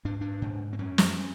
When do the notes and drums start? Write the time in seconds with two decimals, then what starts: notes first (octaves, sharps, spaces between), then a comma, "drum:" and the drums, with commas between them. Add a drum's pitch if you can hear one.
0.05 G#2 D4
0.21 D4
0.42 G#2
0.73 C4
0.79 F#2 C#4
0.98 drum: snare